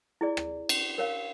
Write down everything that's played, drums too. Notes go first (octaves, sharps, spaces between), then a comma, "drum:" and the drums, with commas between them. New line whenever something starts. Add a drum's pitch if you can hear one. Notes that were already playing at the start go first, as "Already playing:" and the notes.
E4 G#4 D5
drum: rim click
drum: cymbal
A#4 C#5 F5